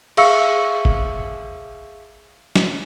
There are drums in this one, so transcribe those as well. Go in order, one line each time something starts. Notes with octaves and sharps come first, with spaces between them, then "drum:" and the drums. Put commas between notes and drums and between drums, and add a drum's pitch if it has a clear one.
G#4 E5 F5 C#6 E6 C#7, drum: cymbal
drum: kick
drum: snare